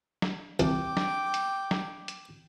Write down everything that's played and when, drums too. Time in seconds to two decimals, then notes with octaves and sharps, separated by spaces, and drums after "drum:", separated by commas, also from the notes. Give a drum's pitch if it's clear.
0.22 drum: snare
0.60 C2 G5 D6, drum: hi-hat
0.97 drum: snare
1.34 drum: hi-hat
1.71 drum: snare
2.08 drum: hi-hat